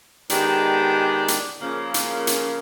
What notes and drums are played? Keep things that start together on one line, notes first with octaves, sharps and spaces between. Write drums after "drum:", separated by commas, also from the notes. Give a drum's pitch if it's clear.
D#3 G#3 B3 D4 G4, drum: hi-hat
drum: hi-hat
C#3 F3 A#3
drum: hi-hat
drum: hi-hat